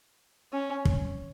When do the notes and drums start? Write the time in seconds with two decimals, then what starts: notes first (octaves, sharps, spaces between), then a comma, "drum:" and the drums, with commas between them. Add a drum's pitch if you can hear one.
0.53 C#4
0.85 drum: kick